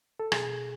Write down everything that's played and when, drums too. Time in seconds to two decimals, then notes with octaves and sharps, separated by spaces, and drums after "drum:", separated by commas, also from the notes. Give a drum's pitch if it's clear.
0.20 A4
0.32 B2 G#4, drum: rim click